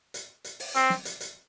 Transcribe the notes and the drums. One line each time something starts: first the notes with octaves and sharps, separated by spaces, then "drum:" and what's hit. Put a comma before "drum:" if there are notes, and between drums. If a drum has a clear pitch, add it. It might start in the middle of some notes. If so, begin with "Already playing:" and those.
drum: hi-hat
drum: hi-hat
drum: open hi-hat
C4, drum: hi-hat
drum: snare
drum: hi-hat
drum: hi-hat